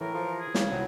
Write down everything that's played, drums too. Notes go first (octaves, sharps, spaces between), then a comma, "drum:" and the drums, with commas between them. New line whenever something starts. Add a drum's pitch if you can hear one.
A2 E3 A#4
F3
G#4
C#3, drum: snare
C2 F#3 C4 E4